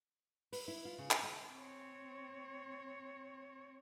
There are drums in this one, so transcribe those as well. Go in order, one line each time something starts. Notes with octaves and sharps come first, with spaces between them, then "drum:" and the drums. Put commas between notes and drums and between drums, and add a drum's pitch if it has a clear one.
B4, drum: open hi-hat
E4
F4
C#3
D4, drum: clap
A5
C4 C#5